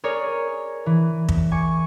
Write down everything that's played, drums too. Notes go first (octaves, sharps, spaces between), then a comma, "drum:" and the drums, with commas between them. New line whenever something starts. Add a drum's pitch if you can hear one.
G#4 A#4 C#5 D5
E3
drum: kick
G#5 C#6 D6